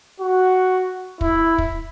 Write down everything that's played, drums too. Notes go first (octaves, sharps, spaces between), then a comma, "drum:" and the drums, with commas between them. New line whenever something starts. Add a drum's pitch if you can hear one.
F#4
E4, drum: kick
drum: kick